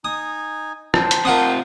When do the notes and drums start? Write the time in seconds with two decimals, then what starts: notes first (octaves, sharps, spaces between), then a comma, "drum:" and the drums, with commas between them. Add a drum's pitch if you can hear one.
0.05 D#4 G#5 D#6
0.94 C5 G5 A5, drum: rim click
1.11 drum: hi-hat
1.25 C3 F4 A#4 F#5 D#6